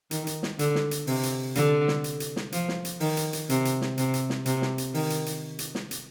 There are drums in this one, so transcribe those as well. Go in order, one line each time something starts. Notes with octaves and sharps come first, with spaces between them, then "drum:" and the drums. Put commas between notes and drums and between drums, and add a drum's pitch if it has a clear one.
D#3, drum: hi-hat
drum: hi-hat
drum: snare
D3, drum: hi-hat
drum: snare
drum: hi-hat
C3, drum: open hi-hat
drum: hi-hat
D3, drum: hi-hat
drum: snare
drum: hi-hat
drum: hi-hat
drum: snare
F3, drum: hi-hat
drum: snare
drum: hi-hat
D#3, drum: open hi-hat
drum: hi-hat
drum: hi-hat
C3, drum: hi-hat
drum: hi-hat
drum: snare
C3, drum: hi-hat
drum: hi-hat
drum: snare
C3, drum: hi-hat
drum: snare
drum: hi-hat
D#3, drum: open hi-hat
drum: hi-hat
drum: hi-hat
drum: hi-hat
drum: snare
drum: hi-hat